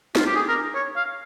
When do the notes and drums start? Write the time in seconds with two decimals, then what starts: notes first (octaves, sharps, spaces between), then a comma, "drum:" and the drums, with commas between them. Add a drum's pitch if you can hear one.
0.15 F4, drum: snare D4
0.26 G4
0.36 G#4
0.49 A#4
0.75 C#5
0.96 F5